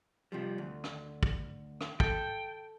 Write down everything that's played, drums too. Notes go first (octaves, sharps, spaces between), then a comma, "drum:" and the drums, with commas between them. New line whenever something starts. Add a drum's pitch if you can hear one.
C3 F3 G3
D2
drum: rim click
drum: kick
drum: rim click
A4 G5, drum: kick